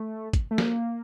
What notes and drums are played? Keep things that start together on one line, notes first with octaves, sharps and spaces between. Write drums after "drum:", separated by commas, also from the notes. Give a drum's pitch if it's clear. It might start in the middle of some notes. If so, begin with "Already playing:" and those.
Already playing: A3
drum: kick, hi-hat
A3
A#3, drum: snare